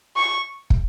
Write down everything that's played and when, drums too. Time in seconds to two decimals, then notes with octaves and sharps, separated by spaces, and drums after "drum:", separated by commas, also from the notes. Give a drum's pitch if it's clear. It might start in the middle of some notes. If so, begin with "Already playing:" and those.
0.16 C#6
0.70 drum: kick